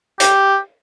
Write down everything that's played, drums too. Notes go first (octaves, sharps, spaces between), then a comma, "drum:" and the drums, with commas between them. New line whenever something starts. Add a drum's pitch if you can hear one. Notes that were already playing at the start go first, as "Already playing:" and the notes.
G4, drum: hi-hat